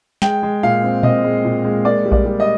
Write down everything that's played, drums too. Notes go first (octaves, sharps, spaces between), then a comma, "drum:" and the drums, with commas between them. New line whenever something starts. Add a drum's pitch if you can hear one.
G#3 G5, drum: snare
G#3
A#2 F5
C4
C4 D#5, drum: tom A#2
G#3
A#2
G#3
A#3 D5
G3
D5, drum: kick A#1
G3
D#5